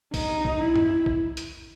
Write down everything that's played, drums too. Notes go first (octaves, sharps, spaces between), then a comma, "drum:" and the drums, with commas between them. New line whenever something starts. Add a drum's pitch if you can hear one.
D#4, drum: kick, open hi-hat
drum: kick
E4
drum: tom F#2
drum: kick
drum: hi-hat